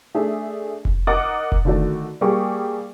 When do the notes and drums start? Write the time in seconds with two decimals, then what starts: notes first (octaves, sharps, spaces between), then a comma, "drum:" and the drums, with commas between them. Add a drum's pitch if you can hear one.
0.15 A3 D4 G#4 E5
0.85 drum: kick F1
1.07 A#4 D#5 F#5 D6 D#6 A6
1.52 drum: kick F1
1.65 D3 D#3 A3 F#4 D5
2.21 G3 A#3 G4 G#4 C#6 D6